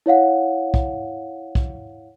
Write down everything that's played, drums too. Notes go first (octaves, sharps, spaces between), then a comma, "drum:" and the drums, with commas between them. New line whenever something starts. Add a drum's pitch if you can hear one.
E4 C#5 F5 F#5
drum: kick
drum: kick